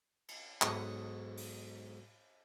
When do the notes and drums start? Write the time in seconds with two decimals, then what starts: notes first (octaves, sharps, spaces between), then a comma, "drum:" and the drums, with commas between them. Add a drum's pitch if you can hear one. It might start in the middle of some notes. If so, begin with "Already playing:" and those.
0.28 drum: cymbal
0.62 B1 G#2 C#5 F#5 C#6 D#6, drum: clap
1.37 drum: open hi-hat